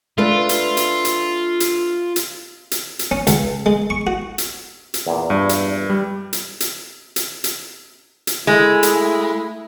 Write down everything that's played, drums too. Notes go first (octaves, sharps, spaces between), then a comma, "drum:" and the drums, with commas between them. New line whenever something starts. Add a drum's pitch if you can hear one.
A3 D4 F4 B4
drum: hi-hat
drum: hi-hat
drum: hi-hat
drum: hi-hat
drum: hi-hat
drum: hi-hat
drum: hi-hat
C#4
C#2, drum: hi-hat
G#3
C#6
F#4
drum: hi-hat
drum: hi-hat
E2 A#2
G2
drum: hi-hat
G3
drum: hi-hat
drum: hi-hat
drum: hi-hat
drum: hi-hat
drum: hi-hat
G#3 A3 E4
drum: hi-hat